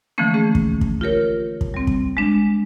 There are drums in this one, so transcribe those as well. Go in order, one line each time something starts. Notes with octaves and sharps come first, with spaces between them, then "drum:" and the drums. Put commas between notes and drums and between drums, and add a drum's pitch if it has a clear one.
D3 E3 F3 A3 A#3 C#4
A3 C#4 G#4
drum: kick
drum: kick
F4 G4 A#4 C#5
drum: kick
G3 C4
drum: kick
G#3 D4